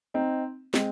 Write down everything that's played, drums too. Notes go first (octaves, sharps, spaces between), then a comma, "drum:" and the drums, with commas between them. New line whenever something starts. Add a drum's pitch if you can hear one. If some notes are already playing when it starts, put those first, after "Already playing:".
C4 D#4
G#3 C4, drum: snare